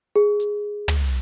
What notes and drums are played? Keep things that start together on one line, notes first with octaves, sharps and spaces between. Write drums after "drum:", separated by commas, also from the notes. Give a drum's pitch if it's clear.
G#4
drum: hi-hat
drum: tom